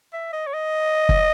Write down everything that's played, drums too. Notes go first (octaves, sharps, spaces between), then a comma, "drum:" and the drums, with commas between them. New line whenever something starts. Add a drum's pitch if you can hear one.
E5
D#5
C#5
D#5
drum: kick